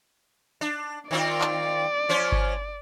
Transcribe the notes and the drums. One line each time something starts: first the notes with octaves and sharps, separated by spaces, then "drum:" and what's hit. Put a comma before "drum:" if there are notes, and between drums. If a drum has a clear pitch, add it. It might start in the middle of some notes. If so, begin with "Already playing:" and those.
D4
D#3 C4 F4 D5
drum: clap
F3 C#4 C5
drum: kick G1